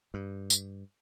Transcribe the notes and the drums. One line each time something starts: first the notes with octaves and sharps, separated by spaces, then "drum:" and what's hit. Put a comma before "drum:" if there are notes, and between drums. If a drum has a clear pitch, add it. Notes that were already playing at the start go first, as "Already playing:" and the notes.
G2
drum: tambourine